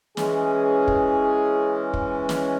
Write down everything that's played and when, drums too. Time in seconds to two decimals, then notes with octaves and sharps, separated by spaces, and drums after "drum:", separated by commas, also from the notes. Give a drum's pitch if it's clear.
0.17 E3 G#3 C#4 G#4, drum: snare
0.88 drum: kick
1.94 drum: kick
2.29 drum: snare